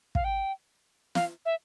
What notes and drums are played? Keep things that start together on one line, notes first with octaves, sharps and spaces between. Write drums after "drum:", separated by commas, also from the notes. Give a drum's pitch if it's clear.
F5, drum: kick
G5
F5, drum: snare
E5